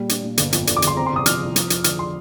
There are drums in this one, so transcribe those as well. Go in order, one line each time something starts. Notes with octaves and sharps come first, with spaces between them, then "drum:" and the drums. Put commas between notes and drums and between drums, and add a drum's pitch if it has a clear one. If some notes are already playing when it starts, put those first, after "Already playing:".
Already playing: A#2 G3
D4, drum: hi-hat
A#2
G1, drum: hi-hat
F2, drum: hi-hat
D3, drum: hi-hat
D6
G1, drum: hi-hat
C6
C4 A#5
C6
C3 D#6
F3 F6, drum: hi-hat
C2
F3, drum: hi-hat
F2, drum: hi-hat
D3 F6, drum: hi-hat
C6